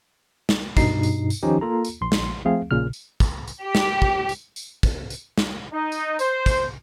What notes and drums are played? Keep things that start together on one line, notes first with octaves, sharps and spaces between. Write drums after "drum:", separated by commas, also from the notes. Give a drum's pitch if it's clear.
drum: snare
G2 B2 D#4 C7, drum: kick, tambourine
drum: tambourine
drum: tambourine
D#3 F3 C#4 D#4 G4
A#3 F4 A4 A#5
drum: tambourine
A#1 C6
drum: snare
F3 A3 C4 G#4 F5
A#1 A#2 C#3 F6
drum: tambourine
drum: kick, tambourine
drum: tambourine
G4
drum: snare
drum: kick
drum: tambourine
drum: tambourine
drum: kick, tambourine
drum: tambourine
drum: snare
D#4
drum: tambourine
C5, drum: tambourine
drum: kick, tambourine